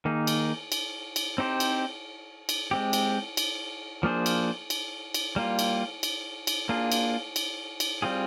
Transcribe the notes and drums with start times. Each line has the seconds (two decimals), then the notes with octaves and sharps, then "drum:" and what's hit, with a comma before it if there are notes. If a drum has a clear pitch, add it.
0.05 D#3 A#3 D#4 G#4
0.27 drum: cymbal
0.72 drum: cymbal
1.16 drum: cymbal
1.38 C4 D#4 G4 C5
1.60 drum: cymbal
2.49 drum: cymbal
2.71 G#3 C4 G4
2.93 drum: cymbal
3.37 drum: cymbal
4.03 F3 A#3 D4 G#4 C5
4.26 drum: cymbal
4.70 drum: cymbal
5.14 drum: cymbal
5.36 G3 A#3 F4
5.59 drum: cymbal
6.03 drum: cymbal
6.47 drum: cymbal
6.69 A#3 D4 F4 G#4
6.92 drum: cymbal
7.36 drum: cymbal
7.80 drum: cymbal
8.02 G3 C4 F4 G#4